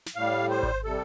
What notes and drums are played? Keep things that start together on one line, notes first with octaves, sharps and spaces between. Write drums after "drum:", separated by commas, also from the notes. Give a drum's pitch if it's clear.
drum: snare
A2 G3 F5
C5
drum: kick G#1
C3 G3 A4